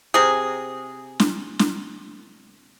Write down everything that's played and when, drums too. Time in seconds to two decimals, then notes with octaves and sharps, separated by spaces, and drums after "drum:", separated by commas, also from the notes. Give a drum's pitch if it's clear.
0.14 C3 G#4
1.20 drum: snare
1.59 drum: snare